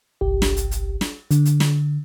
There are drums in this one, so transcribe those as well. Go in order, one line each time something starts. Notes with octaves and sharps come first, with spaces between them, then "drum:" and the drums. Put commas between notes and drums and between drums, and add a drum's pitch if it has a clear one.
G1 C2 G4
drum: snare
drum: hi-hat
drum: hi-hat
drum: snare
D3, drum: hi-hat
drum: hi-hat
drum: snare